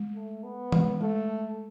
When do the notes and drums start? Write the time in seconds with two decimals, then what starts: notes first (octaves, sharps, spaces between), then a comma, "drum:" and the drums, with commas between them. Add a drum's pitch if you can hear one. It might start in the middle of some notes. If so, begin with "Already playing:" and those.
Already playing: G#3
0.15 A3
0.43 B3
0.72 G#3, drum: tom
1.01 G#3 A3